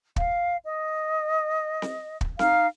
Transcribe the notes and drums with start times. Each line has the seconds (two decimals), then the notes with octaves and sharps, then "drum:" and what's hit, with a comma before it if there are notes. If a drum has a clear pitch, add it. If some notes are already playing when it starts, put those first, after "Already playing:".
0.16 F5, drum: kick
0.65 D#5
1.82 drum: snare C4
2.21 drum: kick
2.39 D#4 F5 F6, drum: snare C4